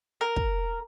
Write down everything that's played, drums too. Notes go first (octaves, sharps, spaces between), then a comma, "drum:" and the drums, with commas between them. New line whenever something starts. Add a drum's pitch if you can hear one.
A#4
drum: kick